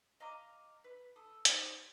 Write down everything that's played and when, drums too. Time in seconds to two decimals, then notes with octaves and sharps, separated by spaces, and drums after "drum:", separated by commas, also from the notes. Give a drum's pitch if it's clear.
0.20 D#5 F5 A#5 D6
0.84 B4
1.16 A4 D#6
1.45 D#4 G4 C5, drum: hi-hat